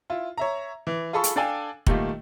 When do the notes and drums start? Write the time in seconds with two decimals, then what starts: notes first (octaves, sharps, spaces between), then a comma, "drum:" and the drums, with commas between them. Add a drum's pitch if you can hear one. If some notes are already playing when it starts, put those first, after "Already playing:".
0.10 E4 F4
0.38 C#5 E5 A#5
0.87 E3
1.13 F4 G#4 A4 B5 C#6
1.24 drum: hi-hat
1.36 D4 A4 D5 F5 G5 G#5
1.87 A#2 D#3 G3 A3 A#3 F4, drum: kick